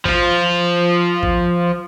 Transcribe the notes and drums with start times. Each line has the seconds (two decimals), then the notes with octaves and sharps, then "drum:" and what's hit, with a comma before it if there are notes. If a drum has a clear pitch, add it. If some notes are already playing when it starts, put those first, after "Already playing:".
0.05 F3 F4, drum: kick A1
1.23 drum: kick A1